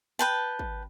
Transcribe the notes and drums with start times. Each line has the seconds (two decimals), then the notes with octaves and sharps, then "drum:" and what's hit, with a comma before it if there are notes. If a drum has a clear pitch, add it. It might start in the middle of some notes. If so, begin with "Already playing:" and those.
0.19 B4 G5 A5
0.59 drum: kick G#1